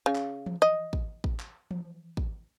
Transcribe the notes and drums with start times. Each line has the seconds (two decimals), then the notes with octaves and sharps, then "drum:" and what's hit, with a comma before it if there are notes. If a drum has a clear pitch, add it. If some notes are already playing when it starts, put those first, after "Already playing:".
0.06 C#3
0.15 drum: clap
0.46 drum: tom E3
0.62 D#5
0.93 drum: kick
1.24 drum: kick
1.40 drum: clap
1.71 drum: tom E3
2.17 drum: kick